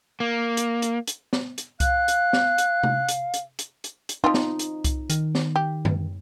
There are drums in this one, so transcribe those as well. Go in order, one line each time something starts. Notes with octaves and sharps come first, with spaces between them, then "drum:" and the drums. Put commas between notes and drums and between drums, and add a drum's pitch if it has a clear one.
A#3
drum: hi-hat
drum: hi-hat
drum: hi-hat
drum: snare
drum: hi-hat
F5 F#6, drum: kick C2, hi-hat
drum: hi-hat
drum: snare
drum: hi-hat
drum: tom C3
drum: hi-hat
drum: hi-hat
drum: hi-hat
drum: hi-hat
drum: hi-hat
F3 C4 D#4 F4
drum: snare
drum: hi-hat
drum: kick C2, hi-hat
D#3, drum: hi-hat
drum: snare
G4
drum: tom F#2